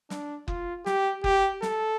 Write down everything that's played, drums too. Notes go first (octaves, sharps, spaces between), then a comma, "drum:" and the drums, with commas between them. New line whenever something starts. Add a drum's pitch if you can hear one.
D4, drum: snare
F4, drum: kick F#1
G4, drum: snare
G4, drum: kick F#1
A4, drum: snare